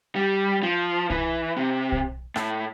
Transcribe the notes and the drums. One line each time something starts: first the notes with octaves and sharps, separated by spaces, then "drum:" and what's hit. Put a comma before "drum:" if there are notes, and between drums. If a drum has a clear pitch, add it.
G3
F3
E3, drum: kick B1
C3
drum: kick B1
A2, drum: rim click